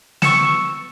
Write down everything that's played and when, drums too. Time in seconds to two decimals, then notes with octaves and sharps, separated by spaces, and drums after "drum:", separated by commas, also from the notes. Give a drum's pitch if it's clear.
0.22 C#6 E6 C#7 E7, drum: snare